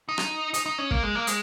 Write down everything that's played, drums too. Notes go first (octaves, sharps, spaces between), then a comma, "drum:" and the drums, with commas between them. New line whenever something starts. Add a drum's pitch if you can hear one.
D#4
drum: rim click
D#4, drum: hi-hat
D#4
C#4
A#3, drum: kick
G#3
A#3
G#3, drum: hi-hat